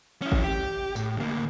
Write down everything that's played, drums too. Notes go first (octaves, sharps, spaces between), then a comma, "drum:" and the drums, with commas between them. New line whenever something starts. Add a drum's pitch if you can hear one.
C#4 E4
drum: kick G#1
G4
A2, drum: tambourine
D2 A#3